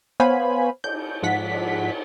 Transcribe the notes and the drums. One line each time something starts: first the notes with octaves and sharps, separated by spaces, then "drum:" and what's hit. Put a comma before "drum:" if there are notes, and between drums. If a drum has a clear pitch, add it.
B3 C5 C#5 F5 G#5 B5
G6, drum: cymbal
G#2 F3 F#5 B6
drum: cymbal